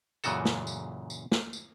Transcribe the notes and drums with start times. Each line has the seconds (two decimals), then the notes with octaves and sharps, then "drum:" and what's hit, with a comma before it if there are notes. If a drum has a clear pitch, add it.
0.24 F#2 A#2 C#3 E3 F#4 A4, drum: tambourine
0.45 drum: snare
0.67 drum: tambourine
1.10 drum: tambourine
1.32 drum: snare
1.53 drum: tambourine